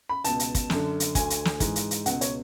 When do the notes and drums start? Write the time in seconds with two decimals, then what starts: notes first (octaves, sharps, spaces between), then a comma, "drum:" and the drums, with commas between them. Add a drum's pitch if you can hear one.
0.09 B5
0.24 C#2 B2 A5, drum: hi-hat
0.39 drum: hi-hat
0.55 drum: kick, hi-hat
0.70 F#2 D3, drum: snare
1.00 drum: hi-hat
1.15 D2 D3 G#5, drum: kick, hi-hat
1.30 drum: hi-hat
1.45 drum: snare
1.60 G#2 E3, drum: kick, hi-hat
1.76 drum: hi-hat
1.91 drum: hi-hat
2.06 C#2 B2 F#5, drum: hi-hat
2.21 C#5, drum: hi-hat